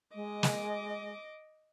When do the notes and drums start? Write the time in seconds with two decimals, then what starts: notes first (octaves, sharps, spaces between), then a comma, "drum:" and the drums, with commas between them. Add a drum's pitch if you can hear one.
0.15 G#3 D#5 D6
0.43 drum: snare